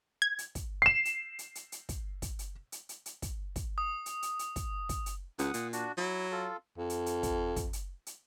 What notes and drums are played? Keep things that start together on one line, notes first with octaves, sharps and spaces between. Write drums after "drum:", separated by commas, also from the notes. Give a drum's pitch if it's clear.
G#6
drum: hi-hat
drum: kick, hi-hat
C7 E7
drum: hi-hat
drum: hi-hat
drum: hi-hat
drum: hi-hat
drum: kick, hi-hat
drum: kick, hi-hat
drum: hi-hat
drum: hi-hat
drum: hi-hat
drum: hi-hat
drum: kick, hi-hat
drum: kick, hi-hat
D#6
drum: hi-hat
drum: hi-hat
drum: hi-hat
drum: kick, hi-hat
drum: kick, hi-hat
drum: hi-hat
C#2 F#5 D#6, drum: hi-hat
A#2, drum: hi-hat
D4 F#4, drum: hi-hat
F#3 E4
F4 A4
F2
drum: hi-hat
drum: hi-hat
drum: kick, hi-hat
drum: kick, hi-hat
drum: hi-hat
drum: hi-hat